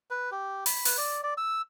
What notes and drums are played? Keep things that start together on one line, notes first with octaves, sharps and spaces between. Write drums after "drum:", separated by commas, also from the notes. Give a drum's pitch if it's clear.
B4
G4
B5, drum: open hi-hat
B4, drum: open hi-hat
D5
D5
E6